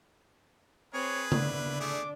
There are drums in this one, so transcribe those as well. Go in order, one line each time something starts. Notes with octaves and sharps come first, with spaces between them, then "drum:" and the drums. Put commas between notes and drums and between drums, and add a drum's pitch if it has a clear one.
C4 G#4 B4 C#5
D4 E4, drum: tom C#3
A3 G#4 D6